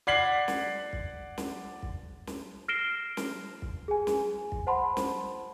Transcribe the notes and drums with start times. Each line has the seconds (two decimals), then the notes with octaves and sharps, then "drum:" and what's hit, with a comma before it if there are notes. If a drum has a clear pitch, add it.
0.07 D5 F#5 G#6 B6 C7 F#7
0.48 drum: snare
0.93 drum: kick
1.38 drum: snare
1.82 drum: kick
2.27 drum: snare
2.68 F6 A#6 C7 D7 E7 G7
3.17 drum: snare
3.62 drum: kick
3.88 G#4 G#5
4.07 drum: snare
4.52 drum: kick
4.67 C5 F#5 A5 B5 C6
4.97 drum: snare